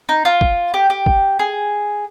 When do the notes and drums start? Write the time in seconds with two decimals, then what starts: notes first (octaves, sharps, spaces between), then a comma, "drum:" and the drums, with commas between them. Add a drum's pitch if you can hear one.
0.09 D#4
0.25 F4
0.41 drum: kick
0.74 G4
0.90 G4
1.06 drum: kick
1.39 G#4